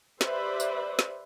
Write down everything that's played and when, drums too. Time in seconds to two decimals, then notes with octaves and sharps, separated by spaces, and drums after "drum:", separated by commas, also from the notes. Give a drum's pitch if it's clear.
0.21 G4 B4 C5 D5 E5, drum: snare
0.60 drum: tambourine
0.99 drum: snare